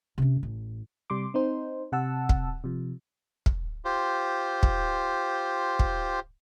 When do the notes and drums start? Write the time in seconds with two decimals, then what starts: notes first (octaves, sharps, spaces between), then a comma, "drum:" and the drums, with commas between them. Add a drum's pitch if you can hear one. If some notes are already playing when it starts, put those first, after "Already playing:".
0.18 C3 C#4
0.43 A1
1.10 C3 G3 C6 D6
1.34 C4 D#4 C5
1.92 C3 F#5 A5 E6
2.29 drum: kick
2.64 C3 F3
3.46 drum: kick
3.85 F4 G4 C5
4.63 drum: kick
5.79 drum: kick